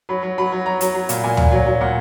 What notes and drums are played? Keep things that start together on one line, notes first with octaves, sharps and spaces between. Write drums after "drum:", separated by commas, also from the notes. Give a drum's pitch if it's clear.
F#3 B5
F#3
F#3 B5
F#3
F#3 A#5
F#3, drum: hi-hat
F#3
A#2, drum: hi-hat
A#2 G#5
A#2, drum: tom
F#3
F#3
A#2 F#5